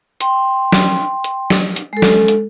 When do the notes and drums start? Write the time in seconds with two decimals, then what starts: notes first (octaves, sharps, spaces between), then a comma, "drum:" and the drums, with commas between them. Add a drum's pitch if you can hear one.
0.21 G5 C6, drum: hi-hat
0.72 drum: snare
1.24 drum: hi-hat
1.50 drum: snare
1.76 drum: hi-hat
1.93 G#3 A4
2.02 drum: snare
2.28 drum: hi-hat